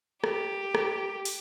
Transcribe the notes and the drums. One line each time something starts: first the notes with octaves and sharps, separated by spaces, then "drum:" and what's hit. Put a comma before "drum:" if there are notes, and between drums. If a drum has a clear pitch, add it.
G4, drum: rim click
drum: rim click
drum: open hi-hat